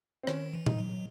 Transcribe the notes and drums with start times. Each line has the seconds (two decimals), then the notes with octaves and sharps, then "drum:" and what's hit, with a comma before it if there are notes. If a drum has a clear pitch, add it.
0.23 C4
0.27 D#3 C#4, drum: rim click
0.53 E3
0.66 D#4, drum: tom A#2
0.78 F#3